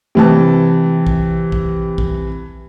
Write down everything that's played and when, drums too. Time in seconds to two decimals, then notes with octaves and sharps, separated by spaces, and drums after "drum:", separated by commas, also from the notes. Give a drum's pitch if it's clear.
0.15 C3 E3 A5
1.07 drum: kick
1.52 drum: kick
1.98 drum: kick